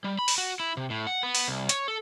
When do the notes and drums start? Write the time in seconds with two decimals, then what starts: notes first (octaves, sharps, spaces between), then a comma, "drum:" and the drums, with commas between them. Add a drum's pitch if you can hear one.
0.04 G3
0.19 B5
0.28 drum: open hi-hat
0.38 F#4
0.60 E4
0.77 C3
0.90 A2
1.07 F#5
1.23 B3
1.35 drum: open hi-hat
1.48 C2
1.69 C#5, drum: hi-hat
1.88 A4